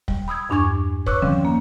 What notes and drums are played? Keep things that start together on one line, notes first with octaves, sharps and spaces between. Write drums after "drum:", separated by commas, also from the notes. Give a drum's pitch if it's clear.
G3, drum: kick
B5 D#6 E6 G#6
E2 G2 D4 G#5 C#6 G#6
B4 C#5 C#6 D6 E6 F#6, drum: kick
D3 D#3 F3 G3 C4 C#4
A#3